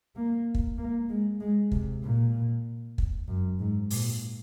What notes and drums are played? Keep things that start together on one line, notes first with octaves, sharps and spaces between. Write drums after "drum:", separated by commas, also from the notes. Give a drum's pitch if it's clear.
A#3
drum: kick
A#3
G#3
G#3
C3, drum: kick
A#2
drum: kick
F#2
G#2
A#2, drum: open hi-hat